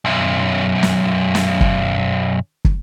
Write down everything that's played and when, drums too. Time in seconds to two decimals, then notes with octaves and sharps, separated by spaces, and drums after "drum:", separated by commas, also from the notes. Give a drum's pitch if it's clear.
0.05 B1 F#2
0.83 drum: snare
1.35 drum: snare
1.61 drum: kick
2.65 drum: kick